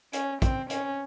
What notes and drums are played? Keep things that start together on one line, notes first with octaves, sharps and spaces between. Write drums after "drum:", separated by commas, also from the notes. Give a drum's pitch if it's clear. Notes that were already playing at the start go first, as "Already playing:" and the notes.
C#4, drum: hi-hat
C4, drum: kick, hi-hat
C#4, drum: hi-hat